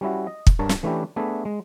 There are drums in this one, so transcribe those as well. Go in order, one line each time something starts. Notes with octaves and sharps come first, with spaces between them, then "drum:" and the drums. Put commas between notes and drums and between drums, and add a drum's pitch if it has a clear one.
G3 C#4 E4 F#4
D#5
drum: kick
G2 D4 A#4 C#5 A5
drum: snare
E3 A3 C#4 D4 E4 G4
A3 B3 D4 G#4 E5
G#3